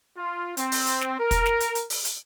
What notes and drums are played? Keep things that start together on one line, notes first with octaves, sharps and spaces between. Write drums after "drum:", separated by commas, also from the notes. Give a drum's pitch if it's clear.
F4
C4, drum: hi-hat
drum: open hi-hat
drum: hi-hat
drum: snare
A#4
drum: kick, hi-hat
drum: snare
drum: hi-hat
drum: hi-hat
drum: open hi-hat
drum: hi-hat